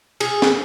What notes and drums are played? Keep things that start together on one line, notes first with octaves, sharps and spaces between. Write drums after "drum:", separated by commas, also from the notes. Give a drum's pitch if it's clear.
G#4, drum: cymbal
drum: snare